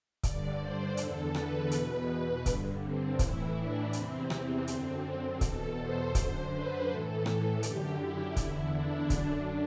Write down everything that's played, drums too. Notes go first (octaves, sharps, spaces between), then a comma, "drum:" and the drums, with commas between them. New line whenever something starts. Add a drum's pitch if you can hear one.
G2 D3 D5, drum: kick C#1, hi-hat
C5
E2 D3 A4, drum: hi-hat
B4, drum: rim click
E2 B2, drum: hi-hat
G2 D3, drum: kick C#1, hi-hat
C4
A2 E3 E4, drum: kick C#1, hi-hat
D4
E2 C3 E3 C4, drum: hi-hat
drum: rim click
F#2 D3, drum: hi-hat
E2 B2 A4, drum: kick C#1, hi-hat
C5
F#2 D3, drum: kick C#1, hi-hat
B4
A2 E3 A4
drum: rim click
F#2 D3 G4, drum: hi-hat
E4
E2 D3, drum: kick C#1, hi-hat
D4
F#2 D3 D4, drum: kick C#1, hi-hat